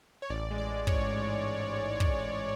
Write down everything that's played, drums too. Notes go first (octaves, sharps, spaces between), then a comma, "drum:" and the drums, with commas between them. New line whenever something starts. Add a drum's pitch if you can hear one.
C#5
A1 D5
G#3
D5
A1
C#5, drum: kick
G#2
A1
G#3
A1
G#2
A1, drum: kick
G#3